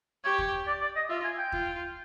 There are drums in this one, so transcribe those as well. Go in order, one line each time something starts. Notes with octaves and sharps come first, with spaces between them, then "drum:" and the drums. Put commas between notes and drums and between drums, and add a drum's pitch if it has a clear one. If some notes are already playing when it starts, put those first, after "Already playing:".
G4 C#5
drum: kick
D5
D5
D#5
F4 E5
G#5
G5
F4, drum: kick